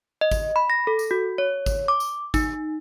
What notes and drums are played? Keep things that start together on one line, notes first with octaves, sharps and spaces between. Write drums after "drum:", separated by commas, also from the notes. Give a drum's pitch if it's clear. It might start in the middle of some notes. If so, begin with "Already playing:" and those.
D#5
drum: kick G#1, tambourine
B5
A#6
A4
drum: tambourine
F#4
C#5
drum: kick G#1, tambourine
D6
drum: tambourine
D#4, drum: kick G#1, tambourine